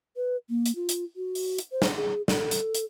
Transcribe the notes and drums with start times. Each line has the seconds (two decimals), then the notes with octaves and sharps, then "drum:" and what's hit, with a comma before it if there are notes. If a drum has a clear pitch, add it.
0.16 B4
0.50 A#3
0.66 drum: hi-hat
0.76 F4
0.89 drum: hi-hat
1.16 F#4
1.35 drum: open hi-hat
1.58 drum: hi-hat
1.72 C5
1.82 drum: snare
1.96 G#4
2.28 A4, drum: snare
2.51 drum: hi-hat
2.75 drum: hi-hat